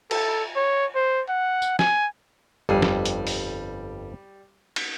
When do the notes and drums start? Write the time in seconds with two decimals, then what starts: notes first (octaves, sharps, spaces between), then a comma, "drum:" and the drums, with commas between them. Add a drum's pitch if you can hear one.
0.11 A4, drum: cymbal
0.56 C#5
0.95 C5
1.29 F#5
1.62 drum: tambourine
1.79 G#5, drum: snare
2.69 G1 F2 G3 G#4
2.82 drum: snare
3.05 drum: hi-hat
3.27 drum: open hi-hat
4.76 drum: cymbal